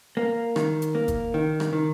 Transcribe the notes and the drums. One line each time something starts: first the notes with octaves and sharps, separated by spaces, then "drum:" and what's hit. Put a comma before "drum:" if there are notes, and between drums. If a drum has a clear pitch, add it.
A#3
D#3, drum: rim click
drum: hi-hat
A#3
drum: kick, hi-hat
D#3
drum: rim click
D#3